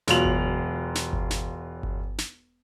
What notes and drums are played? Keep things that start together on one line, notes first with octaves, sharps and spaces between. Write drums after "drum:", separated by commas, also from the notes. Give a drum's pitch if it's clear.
E1 F#3 F4 F7 F#7, drum: snare
drum: kick G1
drum: snare
drum: kick G1
drum: snare
drum: kick G1
drum: snare